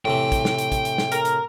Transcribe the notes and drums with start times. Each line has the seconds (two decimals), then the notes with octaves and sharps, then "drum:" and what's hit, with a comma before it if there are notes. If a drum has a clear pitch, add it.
0.05 A2 C3 E3 G5
0.32 drum: kick, hi-hat
0.45 drum: snare
0.58 drum: hi-hat
0.72 drum: kick, hi-hat
0.85 drum: hi-hat
0.98 drum: snare
1.12 A#4, drum: hi-hat
1.25 drum: hi-hat